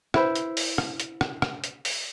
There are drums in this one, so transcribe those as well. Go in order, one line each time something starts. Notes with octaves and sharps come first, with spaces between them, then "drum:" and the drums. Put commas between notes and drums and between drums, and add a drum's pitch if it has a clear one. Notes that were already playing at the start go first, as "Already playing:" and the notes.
E4 B4 C5, drum: rim click
drum: hi-hat
drum: open hi-hat
drum: rim click
drum: hi-hat
drum: rim click
drum: rim click
drum: hi-hat
drum: open hi-hat